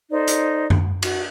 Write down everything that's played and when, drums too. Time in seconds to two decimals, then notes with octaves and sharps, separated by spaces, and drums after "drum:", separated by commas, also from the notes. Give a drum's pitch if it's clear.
0.10 D#4 A4 C5 D5
0.28 drum: hi-hat
0.70 drum: tom F#2
1.02 F#4, drum: cymbal